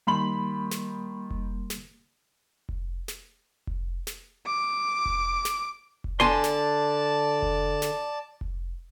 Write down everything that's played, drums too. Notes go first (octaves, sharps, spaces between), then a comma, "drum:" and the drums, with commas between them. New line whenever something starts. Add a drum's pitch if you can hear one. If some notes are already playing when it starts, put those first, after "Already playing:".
D#3 G3 A#3 B5 C6 F#7
drum: snare
drum: kick F1
drum: snare
drum: kick F1
drum: snare
drum: kick F1
drum: snare
D6
drum: kick F1
drum: snare
drum: kick F1
D3 D5 G#5 A5 C6
drum: snare
drum: kick F1
drum: snare
drum: kick F1